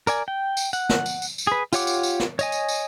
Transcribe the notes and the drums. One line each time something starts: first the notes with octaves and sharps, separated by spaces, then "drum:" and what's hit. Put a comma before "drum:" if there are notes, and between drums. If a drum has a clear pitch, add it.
A#4 D5 G#5, drum: tambourine
G5
drum: tambourine
F#5, drum: tambourine
drum: snare
drum: tambourine
drum: tambourine
drum: tambourine
G#4 B4
F4 G4 C#5 F#5 D6, drum: tambourine
drum: tambourine
drum: tambourine
drum: snare
C#5 D#5 G#5, drum: tambourine
drum: tambourine
drum: tambourine